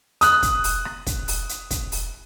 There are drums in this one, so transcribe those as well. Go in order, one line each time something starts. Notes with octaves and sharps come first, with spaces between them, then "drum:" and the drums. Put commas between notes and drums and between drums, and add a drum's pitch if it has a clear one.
D#6 F#6, drum: hi-hat
drum: kick, hi-hat
drum: open hi-hat
drum: rim click
drum: kick, hi-hat
drum: open hi-hat
drum: hi-hat
drum: kick, hi-hat
drum: open hi-hat